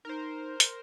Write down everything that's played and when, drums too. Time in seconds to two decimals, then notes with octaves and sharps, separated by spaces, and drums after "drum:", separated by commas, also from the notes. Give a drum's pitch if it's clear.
0.05 D#4 A#4 C5
0.60 drum: hi-hat